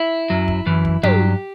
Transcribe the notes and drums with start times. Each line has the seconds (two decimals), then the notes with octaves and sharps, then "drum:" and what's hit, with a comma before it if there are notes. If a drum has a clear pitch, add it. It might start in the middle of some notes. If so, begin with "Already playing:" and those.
Already playing: E4
0.30 F#2 F#3
0.48 drum: kick
0.66 F#2 E3
0.85 drum: kick
1.03 G2 F#3 G4, drum: tom